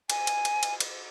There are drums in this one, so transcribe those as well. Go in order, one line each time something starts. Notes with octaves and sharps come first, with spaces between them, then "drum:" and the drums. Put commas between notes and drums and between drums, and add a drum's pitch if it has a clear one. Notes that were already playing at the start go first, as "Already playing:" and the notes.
G#5, drum: cymbal
drum: cymbal
drum: cymbal
drum: cymbal
drum: cymbal